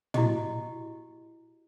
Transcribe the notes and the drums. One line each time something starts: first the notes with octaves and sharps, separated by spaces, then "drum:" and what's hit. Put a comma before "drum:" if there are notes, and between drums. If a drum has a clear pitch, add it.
E4 F#4 G4 D#5, drum: tom